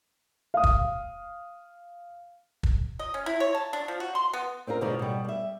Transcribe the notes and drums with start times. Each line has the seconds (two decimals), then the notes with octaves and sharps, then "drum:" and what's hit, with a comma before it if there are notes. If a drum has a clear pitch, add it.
0.54 F5 D#6
0.64 drum: kick
2.63 drum: kick
2.99 D#5
3.14 C#4
3.26 E4
3.40 C#5
3.55 A5
3.73 D4
3.88 F3
4.00 F#4
4.15 C6
4.33 B3
4.67 C4 D4 F4 A#4
4.81 G#2 B2 D3 F3 G3 G#3
4.99 B2 G3
5.24 G3 E5